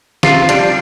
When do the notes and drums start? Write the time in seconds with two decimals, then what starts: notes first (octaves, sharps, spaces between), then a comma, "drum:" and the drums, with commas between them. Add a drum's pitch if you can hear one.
0.23 C3 F4, drum: snare
0.49 G3 D4, drum: hi-hat